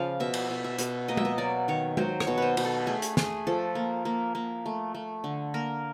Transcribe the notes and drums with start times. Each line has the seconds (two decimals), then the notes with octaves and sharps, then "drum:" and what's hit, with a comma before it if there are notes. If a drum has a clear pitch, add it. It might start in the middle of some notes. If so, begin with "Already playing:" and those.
Already playing: C#3 F3 D5 F5
0.20 B2 E5
0.34 drum: cymbal
0.50 B2
0.64 E5
0.78 B2, drum: hi-hat
1.08 A#3 D#5
1.17 E5, drum: tom G#3
1.25 D#5
1.38 F#3 D5
1.68 D#3 C#5
1.97 F#3 C5, drum: tom G#3
2.20 C#5, drum: rim click
2.27 B2
2.38 B4 C5
2.57 B2, drum: cymbal
2.65 A4
2.87 A3 G#4
3.02 drum: hi-hat
3.17 A3 G#4, drum: snare
3.47 F3 A4
3.75 A#3
4.05 A#3
4.35 A#3
4.66 A3
4.95 A3
5.24 D3
5.54 A#3 A#4